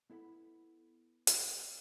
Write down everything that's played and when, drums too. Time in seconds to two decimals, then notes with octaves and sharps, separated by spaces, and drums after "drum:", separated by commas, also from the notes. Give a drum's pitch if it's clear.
0.10 B3 E4 A4 F#5 B5
1.27 drum: hi-hat